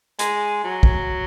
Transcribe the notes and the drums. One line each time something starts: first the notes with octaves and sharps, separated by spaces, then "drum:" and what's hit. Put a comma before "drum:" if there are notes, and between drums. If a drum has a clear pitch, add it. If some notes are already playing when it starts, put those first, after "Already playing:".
G#3, drum: hi-hat
F#3
drum: kick